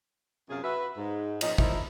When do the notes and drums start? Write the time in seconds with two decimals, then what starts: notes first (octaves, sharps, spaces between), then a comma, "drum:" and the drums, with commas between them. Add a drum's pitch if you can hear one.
0.49 F#2 C3 C#4 F4 G#4 F5
0.63 F#4 B4 E5
0.97 G#2
1.41 A#2 F3 C#4 D#4, drum: cymbal
1.58 F3 A#3 D#4 E4, drum: kick